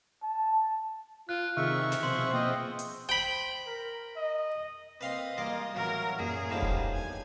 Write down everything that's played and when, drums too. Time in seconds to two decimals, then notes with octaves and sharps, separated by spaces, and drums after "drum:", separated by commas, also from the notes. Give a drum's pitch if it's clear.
0.22 A5
1.29 F4 F#6
1.57 C3 D#3 G#4 E5 C#6 F6
1.92 drum: snare
2.03 B2 F3 C4 C6
2.33 D#5 G5 D#6, drum: tom A#3
2.79 drum: hi-hat
3.09 C5 G5 B5
3.66 A#4
4.17 D#5
5.01 A#3 C4 B4 D#5 F5 C6
5.38 E3 G3 G#3 A#3 F4 C6 D6
5.74 A1 F#3 B3 A#4
6.19 F#2 A#2 G#4
6.50 A2 F3 G3 G#3 A#3 B3 D#4 G4
6.62 drum: kick E1
6.94 E2 G2 G#5